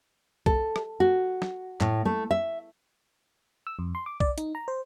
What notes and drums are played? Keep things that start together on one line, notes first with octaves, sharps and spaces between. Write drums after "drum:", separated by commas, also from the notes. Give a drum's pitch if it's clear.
A4, drum: kick
drum: rim click
F#4
drum: snare
A2, drum: clap
A3
E5
E6
F2
C6
D6
D5, drum: kick
D#4, drum: hi-hat
A#5
C5